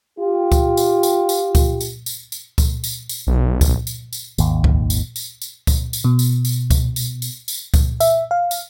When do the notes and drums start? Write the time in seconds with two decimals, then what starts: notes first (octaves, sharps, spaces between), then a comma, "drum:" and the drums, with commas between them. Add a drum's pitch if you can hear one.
0.19 F4 G4
0.52 drum: kick C#2, tambourine
0.77 drum: tambourine
1.03 drum: tambourine
1.29 drum: tambourine
1.55 drum: kick C#2, tambourine
1.81 drum: tambourine
2.06 drum: tambourine
2.32 drum: tambourine
2.58 drum: kick C#2, tambourine
2.84 drum: tambourine
3.09 drum: tambourine
3.27 B1
3.61 drum: kick C#2, tambourine
3.87 drum: tambourine
4.13 drum: tambourine
4.38 G#1 D#2, drum: tambourine
4.64 drum: kick C#2
4.90 drum: tambourine
5.16 drum: tambourine
5.42 drum: tambourine
5.67 drum: kick C#2, tambourine
5.93 drum: tambourine
6.04 B2
6.19 drum: tambourine
6.45 drum: tambourine
6.70 drum: kick C#2, tambourine
6.96 drum: tambourine
7.22 drum: tambourine
7.48 drum: tambourine
7.74 drum: kick C#2, tambourine
8.00 E5, drum: tambourine
8.31 F5
8.51 drum: tambourine